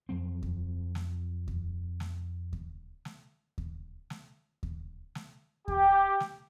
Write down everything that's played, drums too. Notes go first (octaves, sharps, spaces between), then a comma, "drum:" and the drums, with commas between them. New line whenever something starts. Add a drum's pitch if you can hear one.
F2 F#3 C4
drum: kick D#2
drum: snare
drum: kick D#2
drum: snare
drum: kick D#2
drum: snare
drum: kick D#2
drum: snare
drum: kick D#2
drum: snare
G4, drum: kick D#2
drum: snare